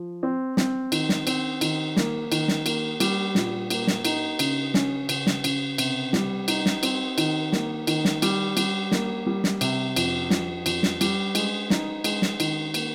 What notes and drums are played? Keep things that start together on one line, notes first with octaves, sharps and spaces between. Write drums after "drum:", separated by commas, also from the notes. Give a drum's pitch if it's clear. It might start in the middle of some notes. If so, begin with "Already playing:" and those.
Already playing: F3
C4
C4, drum: snare
D#3, drum: cymbal
drum: snare
C4, drum: cymbal
D#3, drum: cymbal
A#3, drum: snare
D#3, drum: cymbal
drum: snare
A#3, drum: cymbal
G3, drum: cymbal
A#2, drum: snare
A#3, drum: cymbal
drum: snare
D#4, drum: cymbal
C#3, drum: cymbal
C#4, drum: snare
C#3, drum: cymbal
drum: snare
C#3, drum: cymbal
C3, drum: cymbal
G3, drum: snare
D#4, drum: cymbal
drum: snare
C4, drum: cymbal
D#3, drum: cymbal
A#3, drum: snare
D#3, drum: cymbal
drum: snare
G3, drum: cymbal
G3, drum: cymbal
A#3, drum: snare
G3
drum: snare
C3, drum: cymbal
F2, drum: cymbal
F2, drum: snare
F2, drum: cymbal
drum: snare
G3, drum: cymbal
G#3, drum: cymbal
D#4, drum: snare
G#3, drum: cymbal
drum: snare
D#3, drum: cymbal
A#3, drum: cymbal